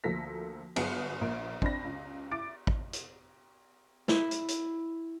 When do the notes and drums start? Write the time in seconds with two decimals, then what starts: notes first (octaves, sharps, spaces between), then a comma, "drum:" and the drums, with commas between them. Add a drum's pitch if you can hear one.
0.04 D2 F3 A#3 A4 A#6 B6
0.76 G1 F#3 B3 G#4 B4 C#7, drum: cymbal
1.21 A#1 A#3 D7
1.62 C4 D4 B5 A#6, drum: kick
1.84 C#2
2.31 E4 D6 A6 D7
2.67 drum: kick
2.93 drum: hi-hat
4.08 E4, drum: snare
4.31 drum: hi-hat
4.48 drum: hi-hat